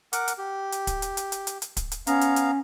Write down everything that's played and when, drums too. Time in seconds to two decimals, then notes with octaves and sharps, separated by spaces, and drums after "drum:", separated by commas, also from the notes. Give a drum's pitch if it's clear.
0.13 A#4 F#5 D6, drum: hi-hat
0.28 drum: hi-hat
0.38 G4
0.72 drum: hi-hat
0.87 drum: kick, hi-hat
1.02 drum: hi-hat
1.17 drum: hi-hat
1.32 drum: hi-hat
1.47 drum: hi-hat
1.62 drum: hi-hat
1.77 drum: kick, hi-hat
1.92 drum: hi-hat
2.07 B3 C#4 F5 A#5, drum: hi-hat
2.21 drum: hi-hat
2.36 drum: hi-hat